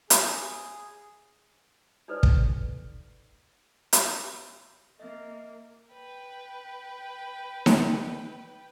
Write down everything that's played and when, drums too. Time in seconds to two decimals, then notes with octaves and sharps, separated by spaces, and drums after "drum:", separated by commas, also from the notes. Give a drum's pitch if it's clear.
0.10 G#4, drum: hi-hat
2.08 D4 D#4 A4 B4 C5 D5
2.23 drum: kick
3.93 drum: hi-hat
5.00 A#3 D#5 E5
5.93 B4 G5
7.66 drum: snare D#4